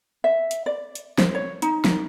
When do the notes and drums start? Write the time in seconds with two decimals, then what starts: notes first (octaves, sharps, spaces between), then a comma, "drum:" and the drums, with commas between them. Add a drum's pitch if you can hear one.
0.24 E5
0.51 drum: hi-hat
0.66 D5
0.95 drum: hi-hat
1.18 C5, drum: snare
1.35 C#5
1.62 D#4, drum: hi-hat
1.85 drum: snare